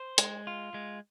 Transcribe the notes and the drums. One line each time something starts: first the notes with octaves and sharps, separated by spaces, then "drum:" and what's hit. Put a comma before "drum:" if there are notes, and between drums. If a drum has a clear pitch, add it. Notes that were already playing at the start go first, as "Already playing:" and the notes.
Already playing: C5
G#3, drum: hi-hat
F4
G#3